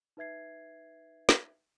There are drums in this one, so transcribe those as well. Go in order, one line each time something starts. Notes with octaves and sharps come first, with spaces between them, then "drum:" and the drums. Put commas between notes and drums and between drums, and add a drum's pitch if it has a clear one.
D#4 B4 E5 G#6 C7
drum: snare